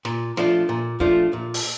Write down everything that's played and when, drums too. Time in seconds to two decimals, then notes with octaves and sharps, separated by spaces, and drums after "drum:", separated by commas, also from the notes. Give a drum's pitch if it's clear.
0.05 A#2, drum: snare
0.37 F3 A3 D4 F4, drum: snare
0.69 A#2
1.00 F3 A3 D4 F4, drum: kick
1.33 A#2
1.54 drum: open hi-hat